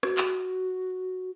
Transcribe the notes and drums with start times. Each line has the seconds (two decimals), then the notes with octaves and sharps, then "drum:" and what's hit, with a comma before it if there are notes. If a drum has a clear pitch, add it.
0.03 F#4, drum: rim click
0.18 drum: clap